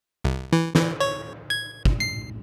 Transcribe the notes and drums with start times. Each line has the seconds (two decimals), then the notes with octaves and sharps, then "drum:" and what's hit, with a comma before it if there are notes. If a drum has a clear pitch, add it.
0.24 C2
0.53 E3
0.75 E3, drum: snare
1.00 C#5
1.50 G#6
1.85 drum: kick
2.00 C7